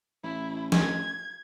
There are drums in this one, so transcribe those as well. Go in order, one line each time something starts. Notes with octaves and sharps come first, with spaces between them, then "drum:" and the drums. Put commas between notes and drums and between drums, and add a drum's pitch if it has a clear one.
A1 E4
G#6, drum: snare